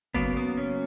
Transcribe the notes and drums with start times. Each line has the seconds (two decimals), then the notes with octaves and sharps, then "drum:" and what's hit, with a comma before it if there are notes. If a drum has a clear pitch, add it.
0.15 C#3 F#3 A#3 B3, drum: kick G1
0.37 B3
0.57 C#4